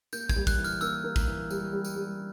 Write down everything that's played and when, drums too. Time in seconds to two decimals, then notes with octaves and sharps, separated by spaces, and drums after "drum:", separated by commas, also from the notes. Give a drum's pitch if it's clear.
0.13 A#3 G6, drum: tambourine
0.29 G#6, drum: kick, tambourine
0.36 G3
0.47 F#6, drum: kick, tambourine
0.58 E3
0.64 F6, drum: tambourine
0.81 A#3 E6, drum: tambourine
1.04 A#3
1.16 drum: kick, tambourine
1.27 E3
1.50 G3, drum: tambourine
1.73 G3
1.84 drum: tambourine
1.96 G3